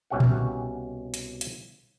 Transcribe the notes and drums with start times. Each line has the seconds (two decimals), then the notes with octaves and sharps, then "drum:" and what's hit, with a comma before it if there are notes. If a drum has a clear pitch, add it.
0.10 C2 B2 C#4 G4 E5 F#5
0.20 drum: tom A#2
1.14 drum: hi-hat
1.41 drum: hi-hat